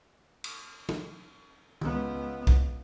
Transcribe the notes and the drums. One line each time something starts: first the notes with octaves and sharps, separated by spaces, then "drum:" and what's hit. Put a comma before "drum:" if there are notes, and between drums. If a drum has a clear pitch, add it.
drum: cymbal
drum: tom
C#2 B3, drum: tom
drum: kick B1